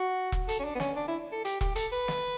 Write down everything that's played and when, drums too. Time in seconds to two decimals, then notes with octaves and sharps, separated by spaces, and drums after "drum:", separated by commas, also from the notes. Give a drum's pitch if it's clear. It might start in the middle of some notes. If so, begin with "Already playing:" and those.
Already playing: F#4
0.32 drum: kick E1
0.48 A4, drum: hi-hat
0.60 C#4
0.64 D4
0.75 B3
0.80 C#4, drum: snare
0.96 D4
1.08 E4
1.32 A4
1.45 G4, drum: hi-hat
1.61 G4, drum: kick E1
1.76 A4, drum: hi-hat
1.92 B4
2.08 drum: snare